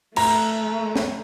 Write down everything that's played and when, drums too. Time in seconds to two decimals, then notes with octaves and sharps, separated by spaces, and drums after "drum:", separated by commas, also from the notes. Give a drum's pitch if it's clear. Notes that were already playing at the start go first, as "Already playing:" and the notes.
0.16 A3 A#5, drum: cymbal
0.96 drum: snare